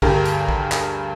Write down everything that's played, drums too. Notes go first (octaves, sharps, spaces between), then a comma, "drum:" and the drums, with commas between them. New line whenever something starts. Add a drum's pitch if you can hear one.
D2 G2 G4 G#4 A#4, drum: kick
drum: hi-hat
drum: kick
drum: clap